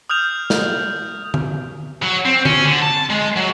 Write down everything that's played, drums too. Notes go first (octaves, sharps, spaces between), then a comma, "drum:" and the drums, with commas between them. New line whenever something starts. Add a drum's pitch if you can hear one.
D#6 F6 G6 F7
drum: snare
drum: tom D3
F#3
C4
C#4, drum: tom D3
D3
A5
G#3
F#3